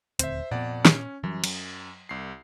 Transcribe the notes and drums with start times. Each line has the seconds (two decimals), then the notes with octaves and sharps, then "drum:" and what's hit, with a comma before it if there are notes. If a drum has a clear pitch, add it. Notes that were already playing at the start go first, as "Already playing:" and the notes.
0.19 D#1 D2 C4 C5 E5, drum: hi-hat
0.51 F2 A#2 B3 D5 F#5
0.85 C#4, drum: snare
1.23 F#2 E3 F#3 G3
1.44 F#3, drum: cymbal
2.09 C2 C7